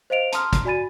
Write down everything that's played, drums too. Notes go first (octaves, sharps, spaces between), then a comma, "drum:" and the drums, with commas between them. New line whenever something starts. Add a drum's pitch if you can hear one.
C5 D#5 F5 D7 F7
A5 A#5 C6 D#6 F6, drum: hi-hat
drum: kick, hi-hat
F#4 D5 G#5 B5 A6 D#7